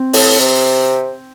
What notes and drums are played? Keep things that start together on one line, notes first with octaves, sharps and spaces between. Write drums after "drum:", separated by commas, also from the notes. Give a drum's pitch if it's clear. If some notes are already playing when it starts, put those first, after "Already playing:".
Already playing: C4
A2, drum: open hi-hat
C3